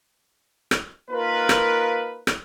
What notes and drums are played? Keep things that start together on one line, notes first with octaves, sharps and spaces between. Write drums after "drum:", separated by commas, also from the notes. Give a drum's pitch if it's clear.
drum: rim click
A#3 D#4 F4 A#4 B4
drum: rim click
drum: rim click